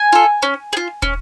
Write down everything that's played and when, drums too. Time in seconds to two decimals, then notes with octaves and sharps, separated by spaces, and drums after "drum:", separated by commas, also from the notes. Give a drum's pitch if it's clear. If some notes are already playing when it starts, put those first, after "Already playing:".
Already playing: G#5
0.13 F4 A4
0.42 C#4
0.73 G#4
0.77 F4
1.02 C#4, drum: kick